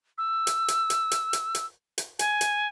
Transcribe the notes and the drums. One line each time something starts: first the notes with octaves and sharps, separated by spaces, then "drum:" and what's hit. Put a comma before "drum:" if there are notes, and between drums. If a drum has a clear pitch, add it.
E6
drum: hi-hat
drum: hi-hat
drum: hi-hat
drum: hi-hat
drum: hi-hat
drum: hi-hat
drum: hi-hat
G#5, drum: hi-hat
drum: hi-hat